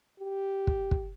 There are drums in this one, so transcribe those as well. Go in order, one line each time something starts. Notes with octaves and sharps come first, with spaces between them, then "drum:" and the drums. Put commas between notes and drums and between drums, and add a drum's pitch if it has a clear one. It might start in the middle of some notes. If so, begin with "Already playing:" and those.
G4
drum: kick
drum: kick